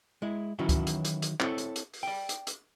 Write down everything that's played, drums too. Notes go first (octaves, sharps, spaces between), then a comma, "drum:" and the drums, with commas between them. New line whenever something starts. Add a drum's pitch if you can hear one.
G#3 E4
D#3 E3 F#3 C#4 E4 F#4
drum: kick C#2, hi-hat
drum: hi-hat
drum: hi-hat
drum: hi-hat
C4 E4 G#4 A4 C#5, drum: clap
drum: hi-hat
drum: hi-hat
drum: open hi-hat
D5 G5
drum: hi-hat
drum: hi-hat